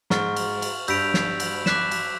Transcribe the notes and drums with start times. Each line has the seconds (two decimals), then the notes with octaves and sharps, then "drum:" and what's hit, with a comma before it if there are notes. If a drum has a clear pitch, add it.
0.10 G#2 C#6 F6 A6, drum: snare
0.36 drum: cymbal
0.62 drum: cymbal
0.88 G2 E6 G6 B6 D7 F7, drum: cymbal
1.14 drum: snare
1.40 drum: cymbal
1.66 D6 F#6 B6 E7, drum: snare
1.91 drum: cymbal